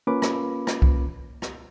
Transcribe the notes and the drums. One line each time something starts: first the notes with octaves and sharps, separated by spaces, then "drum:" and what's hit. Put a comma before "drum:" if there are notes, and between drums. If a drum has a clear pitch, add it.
A#3 C#4 F4 B4 B5 D6
drum: rim click
drum: rim click
drum: kick C2
drum: rim click